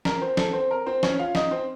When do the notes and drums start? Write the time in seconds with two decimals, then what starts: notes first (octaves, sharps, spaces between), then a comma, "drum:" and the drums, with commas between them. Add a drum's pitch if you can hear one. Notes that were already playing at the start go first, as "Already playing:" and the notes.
0.05 A#4, drum: snare
0.21 C4 C5
0.37 A4, drum: snare
0.53 C4 C5
0.71 A#4
0.86 C4 C5
1.03 C#4 C#5, drum: snare
1.19 F4 F5
1.35 D#4 D#5, drum: snare
1.51 C4 C5